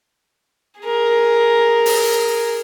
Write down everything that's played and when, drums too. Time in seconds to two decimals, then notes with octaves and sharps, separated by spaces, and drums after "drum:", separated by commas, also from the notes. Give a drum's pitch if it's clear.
0.81 G#4 A#4
1.86 drum: open hi-hat